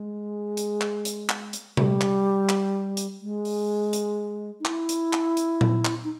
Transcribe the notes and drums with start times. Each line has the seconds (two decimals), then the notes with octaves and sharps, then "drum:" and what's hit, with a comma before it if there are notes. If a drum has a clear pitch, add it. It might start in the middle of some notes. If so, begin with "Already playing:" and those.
Already playing: G#3
0.57 drum: hi-hat
0.81 drum: clap
1.05 drum: hi-hat
1.29 drum: clap
1.53 drum: hi-hat
1.77 G3, drum: tom C3
2.01 drum: clap
2.49 drum: clap
2.97 drum: hi-hat
3.21 G#3
3.45 drum: open hi-hat
3.93 drum: hi-hat
4.60 D#4
4.65 E4, drum: clap
4.89 drum: hi-hat
5.13 drum: clap
5.37 drum: hi-hat
5.61 drum: tom A#2
5.85 drum: clap
6.04 D#4